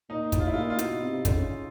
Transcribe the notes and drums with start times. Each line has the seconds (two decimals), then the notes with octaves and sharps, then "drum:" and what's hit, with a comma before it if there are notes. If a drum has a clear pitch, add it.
0.09 A#2 D#4
0.32 A2, drum: kick, hi-hat
0.40 F4
0.47 E4
0.54 A#2 F4
0.70 F4
0.79 B2, drum: hi-hat
1.02 C3
1.25 D3, drum: kick, hi-hat
1.32 C#3